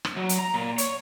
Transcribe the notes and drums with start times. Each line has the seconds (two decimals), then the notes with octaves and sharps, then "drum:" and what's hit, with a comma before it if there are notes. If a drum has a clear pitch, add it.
0.05 drum: rim click
0.16 F#3
0.29 drum: hi-hat
0.39 A#5
0.54 A#2
0.78 C#5, drum: hi-hat